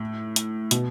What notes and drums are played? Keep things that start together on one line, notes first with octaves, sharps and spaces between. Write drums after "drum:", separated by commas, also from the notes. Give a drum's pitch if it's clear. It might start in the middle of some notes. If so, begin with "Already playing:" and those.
Already playing: A2
drum: hi-hat
B2, drum: hi-hat